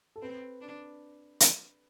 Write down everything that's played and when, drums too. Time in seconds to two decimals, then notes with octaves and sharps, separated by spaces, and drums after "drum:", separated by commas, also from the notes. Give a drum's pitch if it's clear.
0.16 A4
0.22 C4 B4
0.61 D4
1.40 drum: hi-hat